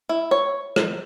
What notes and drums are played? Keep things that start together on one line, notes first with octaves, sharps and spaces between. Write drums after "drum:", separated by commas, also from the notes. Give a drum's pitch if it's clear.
E4
C#5
drum: rim click